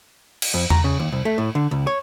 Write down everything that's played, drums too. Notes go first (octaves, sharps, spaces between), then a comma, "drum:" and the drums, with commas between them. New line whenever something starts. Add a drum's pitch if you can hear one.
drum: cymbal
F2
A#5, drum: tom E2
C#3
D#2
C2
A3
A2
D3
C#2
C#5